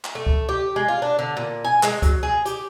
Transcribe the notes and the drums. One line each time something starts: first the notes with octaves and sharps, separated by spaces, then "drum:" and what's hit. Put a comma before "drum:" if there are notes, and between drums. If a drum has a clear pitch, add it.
drum: clap
A3
drum: kick C#2
G4
G#3
F4
D4
D3
A#2
G#5
G#3, drum: clap
F#3, drum: kick C#2, hi-hat
G#4
G4, drum: hi-hat